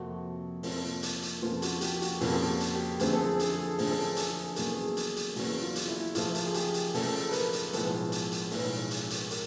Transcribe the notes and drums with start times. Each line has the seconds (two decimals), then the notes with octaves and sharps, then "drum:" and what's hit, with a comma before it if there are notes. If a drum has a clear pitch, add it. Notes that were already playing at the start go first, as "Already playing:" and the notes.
Already playing: F2 C3 F3 A#3 F#4
0.63 F2 C3 F3 A#3, drum: open hi-hat
1.03 drum: hi-hat
1.22 drum: hi-hat
1.42 F2 C#3 F3 A#3 F4
1.62 F#4, drum: hi-hat
1.81 G4, drum: hi-hat
2.02 F#4, drum: hi-hat
2.21 F2 C#3 F3 A#3 F4, drum: open hi-hat
2.47 F#4
2.60 drum: hi-hat
2.74 G4
2.99 F#2 D3 F3 A3 C4 G#4, drum: hi-hat
3.13 A4
3.26 G#4
3.39 A4, drum: hi-hat
3.52 G#4
3.65 A4
3.78 F#2 D3 F3 A3 C4 G#4, drum: open hi-hat
3.91 A4
4.05 G#4
4.17 A4, drum: hi-hat
4.30 G#4
4.43 A4
4.56 E2 C#3 F#3 A#3 G#4, drum: hi-hat
4.69 A4
4.83 G#4
4.97 drum: hi-hat
5.16 drum: hi-hat
5.36 E2 C#3 F#3 A#3 F#4, drum: open hi-hat
5.62 F4
5.76 drum: hi-hat
5.88 E4
6.15 F#2 C#3 F3 A3 F4, drum: hi-hat
6.35 drum: hi-hat
6.44 G#4
6.54 G4, drum: hi-hat
6.74 drum: hi-hat
6.94 F#2 C#3 F3 A3 A4, drum: open hi-hat
7.29 B4
7.33 A#4, drum: hi-hat
7.53 drum: hi-hat
7.73 B1 A2 F3 G#3 B3, drum: hi-hat
8.12 drum: hi-hat
8.32 drum: hi-hat
8.51 B1 A2 F3 G#3 B3 B4, drum: open hi-hat
8.91 drum: hi-hat
9.10 drum: hi-hat
9.31 A#4, drum: hi-hat